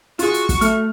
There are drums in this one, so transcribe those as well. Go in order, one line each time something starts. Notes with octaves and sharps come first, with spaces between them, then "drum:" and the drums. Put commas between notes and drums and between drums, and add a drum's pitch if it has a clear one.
F4 F#4 G#4 C#6, drum: hi-hat
drum: hi-hat
drum: kick, hi-hat
A3 F6, drum: hi-hat